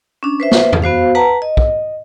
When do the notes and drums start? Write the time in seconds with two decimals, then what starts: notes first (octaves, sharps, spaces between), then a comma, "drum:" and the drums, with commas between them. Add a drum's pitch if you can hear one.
0.23 C#4 D4
0.40 B4 C5 E5
0.51 drum: snare
0.73 drum: tom E2
0.82 B3 F#4 C5 F5
1.15 B4 F#5 A5 A#5
1.42 D#5
1.57 drum: kick